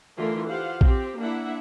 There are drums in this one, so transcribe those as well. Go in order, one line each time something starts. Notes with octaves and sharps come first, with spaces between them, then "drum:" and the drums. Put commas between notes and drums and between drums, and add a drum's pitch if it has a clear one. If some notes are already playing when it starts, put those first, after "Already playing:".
D3 E3 A3 F4 A#4 C6
F4 G4 C5 F5 F#5
C4 G4, drum: kick A#1
A#3 D4 E4 E5 F#5